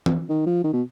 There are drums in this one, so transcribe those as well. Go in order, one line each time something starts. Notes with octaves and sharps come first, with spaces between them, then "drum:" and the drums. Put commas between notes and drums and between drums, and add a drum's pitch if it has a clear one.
drum: tom E3
D#3
F3
D#3
B2